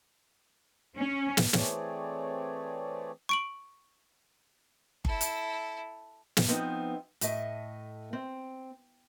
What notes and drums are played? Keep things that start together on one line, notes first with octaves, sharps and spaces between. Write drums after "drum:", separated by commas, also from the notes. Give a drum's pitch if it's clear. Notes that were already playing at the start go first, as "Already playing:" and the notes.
C#4
drum: snare
E3 A3 C4 G#4 C#5 D5, drum: snare
C#6 D7 F#7
E4 A4, drum: kick G1
drum: hi-hat
drum: snare
F3 B3 C4 D#4
A2 A3 D#5, drum: hi-hat
C4